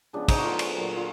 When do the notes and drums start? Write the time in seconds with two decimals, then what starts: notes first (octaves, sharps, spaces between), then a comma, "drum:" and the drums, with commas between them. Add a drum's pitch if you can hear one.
0.13 C#3 F3 G#3 B3 D4
0.28 D#4, drum: kick, cymbal
0.37 F#4
0.43 D3 F#3 A3 F4
0.59 drum: cymbal
0.74 A#2 F#3 B3
0.96 F4